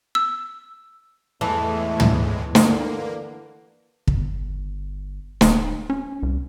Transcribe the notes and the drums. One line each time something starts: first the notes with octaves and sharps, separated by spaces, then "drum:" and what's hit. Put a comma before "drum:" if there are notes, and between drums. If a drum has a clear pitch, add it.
E6
E2 A2 E3 G#3 A3 A5
drum: tom
D3 A#3 B4, drum: snare
G1, drum: kick
D1, drum: snare
C#4
C2